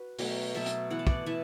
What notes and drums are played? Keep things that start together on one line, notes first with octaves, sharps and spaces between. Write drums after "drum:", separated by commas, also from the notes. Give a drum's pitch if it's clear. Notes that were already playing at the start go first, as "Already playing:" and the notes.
Already playing: F#4 B4
B2 F#3 A3, drum: open hi-hat
B2 F#3 A3 E5 A5
drum: hi-hat
E3 B3 F#5
A5
D5 F#5, drum: kick
E3 B3 E5 A5